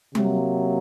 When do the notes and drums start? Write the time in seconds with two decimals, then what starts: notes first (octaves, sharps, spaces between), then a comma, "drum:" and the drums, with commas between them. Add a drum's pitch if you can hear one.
0.15 C3 F#3 A#3, drum: tom G3